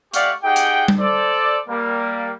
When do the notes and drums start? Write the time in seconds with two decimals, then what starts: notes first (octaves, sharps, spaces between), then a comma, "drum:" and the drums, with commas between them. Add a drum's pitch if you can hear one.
0.14 A3 G4 D5 F5 F#5 C#6, drum: hi-hat
0.43 D#4 G4 G#4 F#5 G5
0.56 drum: hi-hat
0.88 drum: tom G3
0.99 A4 C5 D5
1.67 G3 A#3